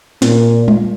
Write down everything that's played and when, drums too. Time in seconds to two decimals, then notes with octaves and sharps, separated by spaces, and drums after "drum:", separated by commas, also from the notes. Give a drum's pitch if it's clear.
0.22 A#2, drum: snare
0.68 drum: tom G3